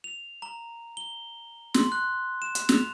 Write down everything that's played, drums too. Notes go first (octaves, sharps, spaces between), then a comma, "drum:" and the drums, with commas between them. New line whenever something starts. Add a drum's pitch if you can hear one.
F7
A#5
G7
C6, drum: snare
F#6
E7
drum: hi-hat
F7, drum: snare